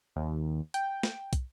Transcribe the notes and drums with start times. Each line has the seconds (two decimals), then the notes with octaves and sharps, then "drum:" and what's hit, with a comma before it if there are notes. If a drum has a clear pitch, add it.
0.16 D#2
0.74 G5, drum: hi-hat
1.03 drum: snare
1.33 drum: kick, hi-hat